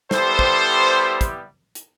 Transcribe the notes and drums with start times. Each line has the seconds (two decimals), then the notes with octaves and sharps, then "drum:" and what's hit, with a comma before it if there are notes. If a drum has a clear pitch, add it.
0.11 G3 B3 E4 G4 A4 C5, drum: snare
0.39 drum: kick
1.21 drum: kick, hi-hat
1.75 drum: hi-hat